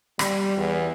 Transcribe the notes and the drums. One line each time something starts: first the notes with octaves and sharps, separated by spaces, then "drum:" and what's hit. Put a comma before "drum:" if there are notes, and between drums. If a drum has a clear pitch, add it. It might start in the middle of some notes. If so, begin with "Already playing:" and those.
G3, drum: rim click
E2